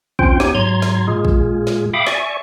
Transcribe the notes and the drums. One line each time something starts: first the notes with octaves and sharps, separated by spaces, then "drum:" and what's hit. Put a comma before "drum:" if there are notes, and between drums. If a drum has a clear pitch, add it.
D#2 C4 C#4 F4 C5 G5, drum: kick
B3 D#4 G4 C#5 G#5, drum: snare
G#2 F#3 A#5 C6 G#6
drum: snare
A#2 G#3 F4 G#4
drum: kick
drum: snare
E5 F5 G5 B5 D6 D#6
D5 E5 G#5 C#6, drum: snare